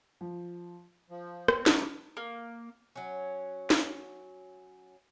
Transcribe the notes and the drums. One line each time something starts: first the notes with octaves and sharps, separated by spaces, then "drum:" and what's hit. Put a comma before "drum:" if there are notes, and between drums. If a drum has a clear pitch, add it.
F3
F3
C4, drum: rim click
B2 E3 F#3 G3 A3 B3, drum: snare
A#3
F#3 C#4
drum: snare